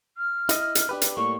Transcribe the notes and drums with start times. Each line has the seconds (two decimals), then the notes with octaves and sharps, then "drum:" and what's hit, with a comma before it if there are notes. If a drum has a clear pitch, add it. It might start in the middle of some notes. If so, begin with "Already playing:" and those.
0.18 F6
0.49 E4 D#5, drum: hi-hat
0.75 drum: hi-hat
0.89 D4 G4 B4
1.02 drum: hi-hat
1.17 A2 G3 A#3 C#6